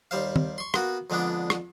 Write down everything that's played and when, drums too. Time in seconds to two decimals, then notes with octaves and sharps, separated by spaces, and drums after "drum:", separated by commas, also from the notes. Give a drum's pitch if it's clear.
0.11 D#2 G3 C5 F5
0.36 drum: tom D#3
0.58 C6 C#6
0.74 A#3 B3 F#4, drum: rim click
1.10 F2 D3 G#3 B3 D4
1.50 drum: rim click